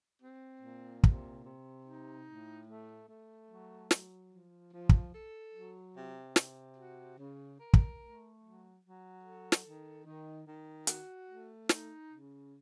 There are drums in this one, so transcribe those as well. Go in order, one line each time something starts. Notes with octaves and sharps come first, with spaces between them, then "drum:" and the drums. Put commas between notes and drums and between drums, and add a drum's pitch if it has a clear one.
C4
A#2
C3, drum: kick
C3
D#4
A2
A3
A3
F#3
F#3, drum: snare
F3
F3
drum: kick
A4
F#3
C3
C3, drum: snare
F#4
C#3
A#4
drum: kick
A3
F#3
F#3
A4
drum: snare
D#3
D#3
D#3
F#4, drum: hi-hat
A3
D#4, drum: snare
C#3